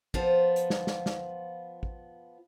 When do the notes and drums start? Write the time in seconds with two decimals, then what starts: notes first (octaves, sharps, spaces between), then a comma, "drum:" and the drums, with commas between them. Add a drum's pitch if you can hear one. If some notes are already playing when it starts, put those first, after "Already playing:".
0.14 F3 B3 F4 C5, drum: kick
0.56 drum: hi-hat
0.70 drum: snare
0.87 drum: snare
1.06 drum: snare
1.83 drum: kick